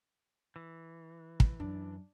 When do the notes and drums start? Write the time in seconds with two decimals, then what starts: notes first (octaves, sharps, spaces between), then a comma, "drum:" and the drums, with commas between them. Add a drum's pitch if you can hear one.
0.56 E3
1.40 drum: kick
1.60 F#2 D4